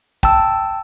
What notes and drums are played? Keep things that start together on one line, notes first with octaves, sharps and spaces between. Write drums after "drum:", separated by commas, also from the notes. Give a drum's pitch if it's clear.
G5 A5 E6, drum: kick